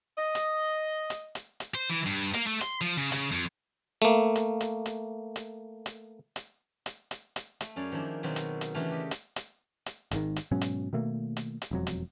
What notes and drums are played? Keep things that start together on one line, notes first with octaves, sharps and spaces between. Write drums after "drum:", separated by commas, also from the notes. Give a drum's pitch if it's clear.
D#5
drum: hi-hat
drum: hi-hat
drum: hi-hat
drum: hi-hat
C5
E3
G2
A#3, drum: hi-hat
A3
C6, drum: hi-hat
F3
C#3
C#3, drum: hi-hat
F2
A3 A#3
drum: hi-hat
drum: hi-hat
drum: hi-hat
drum: hi-hat
drum: hi-hat
drum: hi-hat
drum: hi-hat
drum: hi-hat
drum: hi-hat
A3, drum: hi-hat
F#2 C#4 G#4 D5
D#3 F3 A#3 D4 E4
B2 D#3 F#3 B3 C4
drum: hi-hat
drum: hi-hat
C#3 E3 A3 D4 G4 A#4
G4 D#5
drum: hi-hat
drum: hi-hat
drum: hi-hat
G#1 G#2 D#3, drum: hi-hat
drum: hi-hat
G#2 B2 F#3 C#4
drum: hi-hat
B2 D#3 A3 A#3
drum: hi-hat
drum: hi-hat
E1 F2 F#3
drum: hi-hat